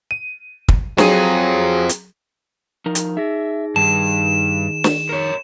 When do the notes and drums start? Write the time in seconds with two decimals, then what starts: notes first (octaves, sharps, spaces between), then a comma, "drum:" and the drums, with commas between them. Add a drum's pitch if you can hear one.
0.11 D#7
0.68 drum: kick
0.98 F#3 C4 F4 G#4 D#7, drum: snare
1.89 drum: hi-hat
2.86 F3 D#4 A#4
2.95 drum: hi-hat
3.17 D#4 G#4 E5 A#6
3.76 G2 D#3 A5 E7
4.84 drum: snare
5.09 A#4 C#5